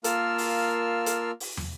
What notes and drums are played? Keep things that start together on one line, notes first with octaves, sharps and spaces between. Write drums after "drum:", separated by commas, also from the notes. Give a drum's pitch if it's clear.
A#3 F4 A#4 A5 E6 F6, drum: hi-hat
drum: open hi-hat
drum: hi-hat
drum: open hi-hat
drum: tom